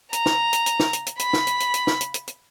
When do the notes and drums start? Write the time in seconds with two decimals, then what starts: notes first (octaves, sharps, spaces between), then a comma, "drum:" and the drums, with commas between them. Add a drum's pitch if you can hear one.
0.13 A#5, drum: hi-hat
0.26 drum: snare
0.53 drum: hi-hat
0.66 drum: hi-hat
0.80 drum: snare
0.93 drum: hi-hat
1.06 drum: hi-hat
1.19 B5, drum: hi-hat
1.33 drum: snare
1.47 drum: hi-hat
1.60 drum: hi-hat
1.74 drum: hi-hat
1.87 drum: snare
2.01 drum: hi-hat
2.14 drum: hi-hat
2.27 drum: hi-hat